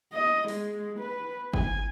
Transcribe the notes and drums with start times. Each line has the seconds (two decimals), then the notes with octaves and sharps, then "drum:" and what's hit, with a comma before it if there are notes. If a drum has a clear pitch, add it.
0.13 D#5
0.48 G#3, drum: open hi-hat
0.99 B4
1.54 G#5, drum: kick G1